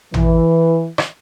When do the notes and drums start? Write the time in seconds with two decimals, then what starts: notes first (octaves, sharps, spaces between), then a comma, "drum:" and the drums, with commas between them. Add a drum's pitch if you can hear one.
0.14 E3, drum: tom
0.98 drum: rim click